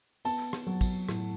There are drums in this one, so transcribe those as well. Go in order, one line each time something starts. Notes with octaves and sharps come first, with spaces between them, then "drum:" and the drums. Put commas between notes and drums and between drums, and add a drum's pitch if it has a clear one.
B3 A5, drum: cymbal
drum: rim click
F#3
drum: kick, cymbal
A2, drum: rim click